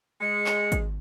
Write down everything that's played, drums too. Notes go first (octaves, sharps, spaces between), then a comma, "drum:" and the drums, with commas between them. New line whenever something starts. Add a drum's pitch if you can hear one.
G#3 C#7
drum: clap
drum: kick G#1, hi-hat